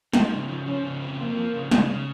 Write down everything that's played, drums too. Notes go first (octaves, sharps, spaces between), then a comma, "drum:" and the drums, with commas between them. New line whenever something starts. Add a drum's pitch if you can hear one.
F3 D#4, drum: snare
C#3
F3
F3 C#4
C#3
C4
F3 A#3
F3
C#3
C#3, drum: snare
C#3